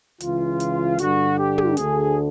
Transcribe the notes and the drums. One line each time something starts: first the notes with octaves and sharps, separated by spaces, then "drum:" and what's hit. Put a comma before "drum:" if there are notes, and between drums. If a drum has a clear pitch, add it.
C#2 C#3 E3 F4, drum: hi-hat
drum: hi-hat
G2 D3 F#4, drum: hi-hat
G4
drum: tom
D2 D3 G#4, drum: hi-hat